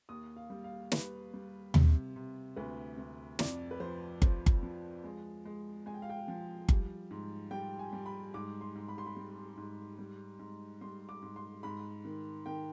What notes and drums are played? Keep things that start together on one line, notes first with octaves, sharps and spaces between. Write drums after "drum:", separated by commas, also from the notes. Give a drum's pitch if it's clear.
D#2 D#6
F5
G3
F5
G3 B4, drum: snare
G3
C3, drum: tom D#2
C3
D2 B4
D2
F2 D5, drum: snare
B4
F3 C5
F3 C5, drum: kick G1
drum: kick G1
F3
G#3
G#3
G#3 G#5
G5
F5
G5
F3
G3, drum: kick G1
G#2
G3 G5
G#5
G3
B5
G#2 D6
C6
G#2
B5
C6
B5
G3
G#2
G3
G#2
G3 C6
D6
G#2
C6
G#2 B5
D#3
D#3 G5